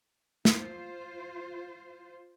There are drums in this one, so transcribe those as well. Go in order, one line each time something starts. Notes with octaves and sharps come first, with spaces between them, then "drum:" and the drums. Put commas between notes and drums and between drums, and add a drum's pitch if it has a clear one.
F4 C5, drum: snare